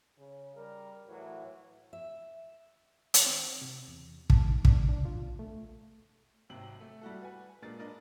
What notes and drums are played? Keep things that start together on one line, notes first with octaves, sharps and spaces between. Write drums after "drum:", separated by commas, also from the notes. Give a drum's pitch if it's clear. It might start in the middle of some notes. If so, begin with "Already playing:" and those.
C#3
G3 A#4
A2 E3 F#3
E5
D#3, drum: hi-hat
C4
C3
E2
A5, drum: kick
D#3
D4, drum: kick
D4
F4
B2
A3
G#1 C3 F#3 G5 F#7
A3
G3 E4 F#4 A4
B4 F#5 G#5
A#2 G#3 D4 A#4 A6
D4 A#4 B4 D#5